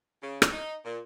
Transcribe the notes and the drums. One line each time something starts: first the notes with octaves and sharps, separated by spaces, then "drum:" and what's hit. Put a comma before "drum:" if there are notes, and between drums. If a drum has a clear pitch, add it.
C#3
drum: rim click
D#4
A#2